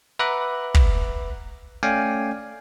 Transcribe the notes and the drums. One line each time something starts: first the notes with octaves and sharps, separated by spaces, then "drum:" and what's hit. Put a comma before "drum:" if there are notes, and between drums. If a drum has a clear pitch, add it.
B4 E5 F#5 A#5 D6 F#6
drum: kick
A3 C#4 D5 F5 G5 G#5